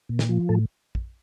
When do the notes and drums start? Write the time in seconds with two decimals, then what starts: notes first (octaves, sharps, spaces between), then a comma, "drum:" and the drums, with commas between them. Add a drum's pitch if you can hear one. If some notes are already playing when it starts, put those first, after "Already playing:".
0.09 A#2
0.19 drum: snare
0.29 F3
0.49 A2 A4
0.95 drum: kick